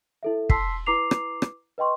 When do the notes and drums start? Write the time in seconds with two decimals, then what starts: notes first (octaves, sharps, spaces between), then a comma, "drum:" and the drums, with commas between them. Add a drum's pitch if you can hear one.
0.23 E4 A4 E5
0.49 A5 C6 E6 B6 C7, drum: kick
0.86 E4 B4 A#5 D6 C7 F7
1.11 drum: rim click
1.42 drum: rim click
1.78 B4 D#5 G5 C6 C#6